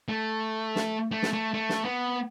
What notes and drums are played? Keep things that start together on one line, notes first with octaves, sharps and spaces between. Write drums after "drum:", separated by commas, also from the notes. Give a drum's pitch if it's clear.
A3
drum: snare
A3
drum: snare
A3
A3
drum: snare
B3